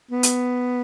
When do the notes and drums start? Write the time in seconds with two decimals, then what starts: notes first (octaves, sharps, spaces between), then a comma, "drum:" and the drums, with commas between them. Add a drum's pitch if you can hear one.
0.12 B3
0.23 drum: hi-hat